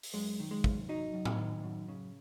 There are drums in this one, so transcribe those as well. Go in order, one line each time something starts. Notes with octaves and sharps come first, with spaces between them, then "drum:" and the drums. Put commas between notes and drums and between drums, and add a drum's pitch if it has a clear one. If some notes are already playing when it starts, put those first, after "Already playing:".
drum: open hi-hat
F#2 G#3
D#3
G#3
F#2, drum: kick
F#3 D#4
F#2
drum: tom A2
D#3
F#2
C#3